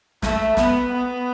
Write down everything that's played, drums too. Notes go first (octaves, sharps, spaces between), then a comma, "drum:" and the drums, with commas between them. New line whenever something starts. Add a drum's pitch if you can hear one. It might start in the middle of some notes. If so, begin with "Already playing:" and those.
A3, drum: snare
B3, drum: snare
B3